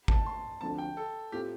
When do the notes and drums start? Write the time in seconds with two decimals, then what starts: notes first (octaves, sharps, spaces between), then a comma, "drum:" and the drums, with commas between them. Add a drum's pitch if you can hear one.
0.08 A5, drum: kick G#1
0.26 C6
0.61 D2 D3 F3 C4 A5
0.78 G5
0.97 A4
1.32 A2 A3 C4 F4 G4